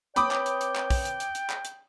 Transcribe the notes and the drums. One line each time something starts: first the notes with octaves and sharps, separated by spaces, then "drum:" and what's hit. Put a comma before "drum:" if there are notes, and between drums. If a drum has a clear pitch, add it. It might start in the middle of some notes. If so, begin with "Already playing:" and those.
C4 B4 C#5 G5 B5 D6 D#6, drum: hi-hat
drum: clap
drum: hi-hat
drum: hi-hat
drum: clap
drum: kick, open hi-hat
drum: hi-hat
drum: hi-hat
drum: hi-hat
drum: clap
drum: hi-hat